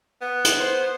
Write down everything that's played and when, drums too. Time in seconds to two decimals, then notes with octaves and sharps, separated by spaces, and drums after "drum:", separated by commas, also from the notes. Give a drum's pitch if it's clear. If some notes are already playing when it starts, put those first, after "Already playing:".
0.21 B3
0.44 drum: hi-hat
0.59 C5